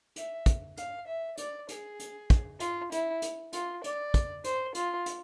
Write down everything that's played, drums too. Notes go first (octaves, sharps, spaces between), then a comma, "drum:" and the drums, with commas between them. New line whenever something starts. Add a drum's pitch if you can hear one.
E5, drum: hi-hat
drum: kick, hi-hat
F5, drum: hi-hat
E5
D5, drum: hi-hat
G#4, drum: hi-hat
drum: hi-hat
drum: kick, hi-hat
F4, drum: hi-hat
E4, drum: hi-hat
drum: hi-hat
F4, drum: hi-hat
D5, drum: hi-hat
drum: kick, hi-hat
C5, drum: hi-hat
F4, drum: hi-hat
drum: hi-hat